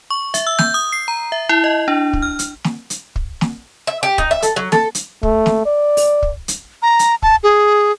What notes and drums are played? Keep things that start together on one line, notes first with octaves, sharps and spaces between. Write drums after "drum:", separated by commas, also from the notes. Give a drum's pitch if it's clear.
C#6
E5, drum: hi-hat
E6
G6, drum: snare
D#6
C7
A#5
E5
E4
D#5
D4
drum: kick
F6
drum: hi-hat
drum: snare
drum: hi-hat
drum: kick
drum: snare
E5
G4
D#4, drum: kick
E5
A4, drum: hi-hat
F#3
A4, drum: snare
drum: hi-hat
A3, drum: kick
drum: snare
D5
drum: open hi-hat
drum: kick
drum: hi-hat
A#5
drum: hi-hat
A5, drum: kick
G#4